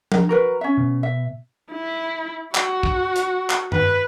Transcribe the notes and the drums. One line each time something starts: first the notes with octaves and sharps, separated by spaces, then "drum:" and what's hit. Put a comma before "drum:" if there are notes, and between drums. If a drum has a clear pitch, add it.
A#4, drum: tom F3
F#4 A#4 B4 A#5
C#4 E5
B2
E5
E4
F#4, drum: clap
drum: kick
drum: hi-hat
drum: clap
B4, drum: tom G2